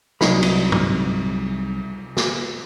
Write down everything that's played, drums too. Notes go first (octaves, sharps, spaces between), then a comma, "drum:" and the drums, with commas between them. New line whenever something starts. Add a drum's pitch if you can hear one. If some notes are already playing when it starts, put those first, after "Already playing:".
C2 F#3 D#4 B5, drum: snare
drum: cymbal
drum: tom
drum: snare